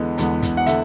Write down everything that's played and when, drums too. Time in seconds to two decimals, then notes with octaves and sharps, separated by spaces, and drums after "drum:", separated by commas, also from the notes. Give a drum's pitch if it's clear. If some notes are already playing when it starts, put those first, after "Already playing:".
Already playing: E2 D3 G#3 B3
0.18 E2 D3 G#3 B3, drum: hi-hat
0.42 drum: kick, hi-hat
0.57 F#5
0.66 D3 E5, drum: hi-hat